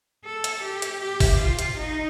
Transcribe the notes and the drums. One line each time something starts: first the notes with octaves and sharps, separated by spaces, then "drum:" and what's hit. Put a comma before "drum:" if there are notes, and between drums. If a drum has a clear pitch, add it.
A4
drum: hi-hat
G4
drum: hi-hat
G4
drum: kick G1, open hi-hat
F4
drum: hi-hat
D#4